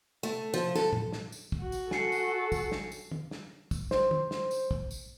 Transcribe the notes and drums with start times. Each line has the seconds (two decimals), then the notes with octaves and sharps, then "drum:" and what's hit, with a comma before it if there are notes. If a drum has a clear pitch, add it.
0.23 A3
0.54 F3
0.75 A4, drum: snare
0.93 drum: tom A2
1.12 drum: snare
1.32 drum: tambourine
1.52 drum: kick
1.62 F#4
1.72 drum: tambourine
1.91 A4 G#5 C7 C#7, drum: snare
2.12 drum: tambourine
2.52 drum: kick, tambourine
2.72 drum: snare
2.92 drum: tambourine
3.12 drum: tom
3.31 drum: snare
3.71 drum: kick, tambourine
3.91 C5, drum: snare
4.11 drum: tom
4.31 drum: snare
4.51 drum: tambourine
4.71 drum: kick
4.91 drum: tambourine